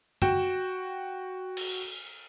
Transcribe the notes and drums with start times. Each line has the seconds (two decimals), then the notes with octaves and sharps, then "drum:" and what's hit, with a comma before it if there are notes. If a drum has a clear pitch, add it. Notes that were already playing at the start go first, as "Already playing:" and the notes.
0.22 F#4 G5 E7, drum: tom F#2
1.57 drum: cymbal